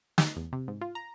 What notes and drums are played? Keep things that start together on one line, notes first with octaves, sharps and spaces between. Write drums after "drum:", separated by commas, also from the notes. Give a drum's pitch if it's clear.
D#4, drum: snare
E2
C3
G#2
F4
A#5